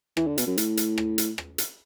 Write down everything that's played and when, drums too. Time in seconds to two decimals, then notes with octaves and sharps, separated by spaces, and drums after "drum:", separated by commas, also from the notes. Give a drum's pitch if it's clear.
0.17 E3, drum: rim click
0.27 D3
0.38 B2, drum: hi-hat
0.47 F#2
0.58 A2, drum: hi-hat
0.77 drum: hi-hat
0.98 drum: rim click
1.18 drum: hi-hat
1.38 drum: rim click
1.58 drum: hi-hat